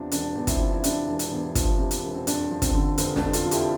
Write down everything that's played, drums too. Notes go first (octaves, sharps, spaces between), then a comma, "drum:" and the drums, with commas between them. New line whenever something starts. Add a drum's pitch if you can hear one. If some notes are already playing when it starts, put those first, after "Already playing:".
Already playing: E2 C3 F3 D4
E1 D4, drum: hi-hat
E2
C4 E4, drum: kick, hi-hat
F3
E4
C3 D4, drum: hi-hat
E1
drum: hi-hat
E2
F3, drum: kick, hi-hat
C3
drum: hi-hat
E1
C4
F2 D4, drum: hi-hat
F3
C4, drum: kick, hi-hat
D3
F1 C4, drum: hi-hat
D4, drum: snare
F2
F4 A4, drum: hi-hat
F3
E4 G4, drum: hi-hat